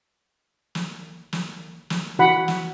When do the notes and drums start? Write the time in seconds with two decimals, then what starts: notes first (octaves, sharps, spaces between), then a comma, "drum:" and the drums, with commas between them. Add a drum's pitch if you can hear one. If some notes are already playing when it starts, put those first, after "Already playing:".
0.75 drum: snare
1.33 drum: snare
1.90 drum: snare
2.19 E3 F#4 F#5 B5
2.48 drum: snare